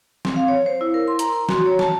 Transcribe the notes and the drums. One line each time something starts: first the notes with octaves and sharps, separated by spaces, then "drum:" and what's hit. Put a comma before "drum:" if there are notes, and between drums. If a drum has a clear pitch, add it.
C4, drum: snare
F5
C#5
C5
E4
A#4
C6
A#5, drum: hi-hat
C6
F#4, drum: snare
C#5
A5, drum: snare